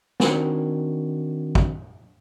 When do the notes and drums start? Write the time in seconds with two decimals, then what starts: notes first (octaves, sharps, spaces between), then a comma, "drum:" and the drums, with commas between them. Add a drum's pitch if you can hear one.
0.20 D#3 C4 D4 F#4, drum: snare
1.55 drum: kick